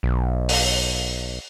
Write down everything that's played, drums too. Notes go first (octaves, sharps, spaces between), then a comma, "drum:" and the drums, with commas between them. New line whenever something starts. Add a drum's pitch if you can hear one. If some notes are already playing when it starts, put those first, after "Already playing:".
B1
drum: open hi-hat